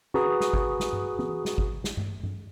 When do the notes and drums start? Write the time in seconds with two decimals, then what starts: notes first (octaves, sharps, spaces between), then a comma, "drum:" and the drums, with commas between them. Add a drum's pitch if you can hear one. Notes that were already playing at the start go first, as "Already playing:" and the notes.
0.14 F#4 G#4 B4 A#5 C#6 D#6, drum: tom
0.40 drum: snare
0.53 drum: kick
0.80 drum: snare
0.93 drum: tom G2
1.19 drum: tom
1.45 drum: snare
1.58 drum: kick
1.84 drum: snare
1.97 drum: tom G2
2.23 drum: tom G2